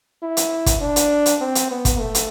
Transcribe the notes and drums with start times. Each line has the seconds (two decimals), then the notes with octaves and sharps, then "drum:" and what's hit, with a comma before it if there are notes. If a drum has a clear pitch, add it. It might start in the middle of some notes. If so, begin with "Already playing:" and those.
0.22 E4
0.37 drum: hi-hat
0.66 drum: kick, hi-hat
0.81 D4
0.96 drum: hi-hat
1.26 drum: hi-hat
1.41 C4
1.55 drum: hi-hat
1.71 B3
1.85 drum: kick, hi-hat
2.00 A3
2.15 drum: hi-hat